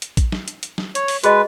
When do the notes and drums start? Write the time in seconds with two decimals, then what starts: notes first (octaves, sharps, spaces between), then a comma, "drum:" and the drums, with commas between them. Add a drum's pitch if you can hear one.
0.02 drum: hi-hat
0.17 drum: kick, hi-hat
0.32 drum: snare
0.48 drum: hi-hat
0.63 drum: hi-hat
0.78 drum: snare
0.95 C#5, drum: hi-hat
1.08 drum: open hi-hat
1.24 G#3 F#4 G#4 B4 D#5, drum: hi-hat